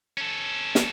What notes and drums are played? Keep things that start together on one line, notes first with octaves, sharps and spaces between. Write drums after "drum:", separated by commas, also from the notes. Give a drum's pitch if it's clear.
C#4 A4
drum: snare